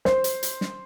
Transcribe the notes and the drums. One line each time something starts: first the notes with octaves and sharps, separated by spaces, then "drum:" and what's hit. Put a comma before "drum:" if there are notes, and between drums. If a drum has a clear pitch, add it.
C5, drum: snare
drum: hi-hat
drum: hi-hat
drum: snare